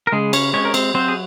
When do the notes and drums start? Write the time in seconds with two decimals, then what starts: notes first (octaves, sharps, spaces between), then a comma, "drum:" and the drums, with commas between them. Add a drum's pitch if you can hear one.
0.07 A#4
0.12 C#3 G#3 G#4
0.33 C#4 C#5, drum: cymbal
0.53 G#3 C4 C#4 C#5
0.65 A#4
0.74 C4 C5, drum: cymbal
0.94 F#3 C4 C5
1.08 G#4